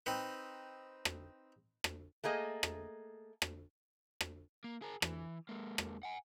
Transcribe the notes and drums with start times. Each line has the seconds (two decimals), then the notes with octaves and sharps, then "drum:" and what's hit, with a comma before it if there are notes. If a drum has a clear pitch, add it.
0.06 C4 D#4 B4
1.05 drum: rim click
1.84 drum: rim click
2.24 A3 A#3 G#4 D#5
2.63 drum: rim click
3.42 drum: rim click
4.21 drum: rim click
4.64 A#3
4.82 G#4 A#4
5.02 E3, drum: rim click
5.49 G#3 A#3
5.78 drum: rim click
6.03 F#5 G#5